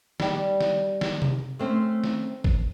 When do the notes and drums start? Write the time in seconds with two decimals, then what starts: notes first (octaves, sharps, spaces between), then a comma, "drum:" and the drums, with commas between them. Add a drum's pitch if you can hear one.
0.20 G3 G4, drum: snare
0.61 drum: snare
1.01 drum: snare
1.22 drum: tom C3
1.59 A3 C4 C#4
2.04 drum: snare
2.44 drum: kick